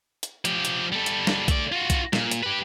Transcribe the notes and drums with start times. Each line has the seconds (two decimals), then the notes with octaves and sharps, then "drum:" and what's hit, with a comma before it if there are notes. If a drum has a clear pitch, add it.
0.23 drum: hi-hat
0.45 F3 G4, drum: hi-hat
0.65 drum: hi-hat
0.92 G3 A4
1.06 drum: hi-hat
1.27 drum: snare
1.48 A3 D5, drum: kick B1, hi-hat
1.72 F4 F#4
1.90 drum: kick B1, hi-hat
2.13 A#2, drum: snare
2.31 drum: hi-hat
2.43 G4 B4